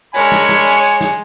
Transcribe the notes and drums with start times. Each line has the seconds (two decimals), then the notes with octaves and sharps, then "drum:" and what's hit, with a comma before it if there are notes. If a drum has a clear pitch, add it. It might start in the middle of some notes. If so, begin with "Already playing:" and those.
0.14 G#3 D4 A#4 C#5 G#5 B5, drum: tambourine
0.32 drum: snare
0.49 drum: snare
0.66 drum: tambourine
0.83 drum: tambourine
1.01 drum: snare